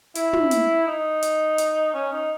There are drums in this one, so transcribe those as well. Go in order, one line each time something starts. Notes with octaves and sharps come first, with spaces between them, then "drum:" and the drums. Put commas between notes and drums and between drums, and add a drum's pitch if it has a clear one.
E4, drum: hi-hat
drum: tom
drum: hi-hat
D#4
drum: hi-hat
drum: hi-hat
C#4
D#4